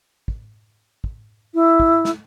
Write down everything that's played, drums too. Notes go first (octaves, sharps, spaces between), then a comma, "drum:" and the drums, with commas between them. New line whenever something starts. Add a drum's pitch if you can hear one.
drum: kick
drum: kick
E4
drum: kick
drum: snare